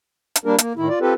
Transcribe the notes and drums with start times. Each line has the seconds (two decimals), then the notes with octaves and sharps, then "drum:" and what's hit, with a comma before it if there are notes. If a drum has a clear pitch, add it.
0.36 drum: hi-hat
0.45 G3 A#3 D4 A#4
0.58 A#3, drum: hi-hat
0.77 A2 D#3 E4
0.89 F4 D5
1.01 C4 F4 G4 A4 B4